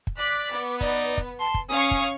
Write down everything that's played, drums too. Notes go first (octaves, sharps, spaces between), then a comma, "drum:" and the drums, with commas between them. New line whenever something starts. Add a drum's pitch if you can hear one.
drum: kick
D5 D6 F#6 B6
B3
D#4 D5, drum: kick
drum: kick
A5 C6
drum: kick
C#4 F5 G#5 C#6 D#6
drum: kick